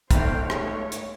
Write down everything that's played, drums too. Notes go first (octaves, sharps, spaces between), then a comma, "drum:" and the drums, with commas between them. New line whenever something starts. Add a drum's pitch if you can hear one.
G1 G#2 C5 G5, drum: kick, hi-hat
A3 C#5, drum: rim click
drum: hi-hat